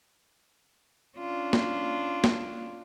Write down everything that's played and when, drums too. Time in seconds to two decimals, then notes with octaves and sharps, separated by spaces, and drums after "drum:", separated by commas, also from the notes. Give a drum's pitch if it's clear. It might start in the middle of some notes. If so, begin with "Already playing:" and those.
1.18 C#4 D4 F4
1.53 drum: snare A#3
2.24 drum: snare A#3